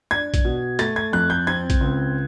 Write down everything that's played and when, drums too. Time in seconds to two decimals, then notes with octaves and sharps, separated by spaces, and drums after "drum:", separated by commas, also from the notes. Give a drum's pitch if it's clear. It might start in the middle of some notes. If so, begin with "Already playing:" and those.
0.11 D4 G#6
0.34 drum: kick A#1, hi-hat
0.45 B2
0.79 A3 A6, drum: hi-hat
0.96 G#6
1.13 F2 F#6
1.30 G6
1.47 C4 G#6
1.70 drum: kick A#1, hi-hat
1.81 C#2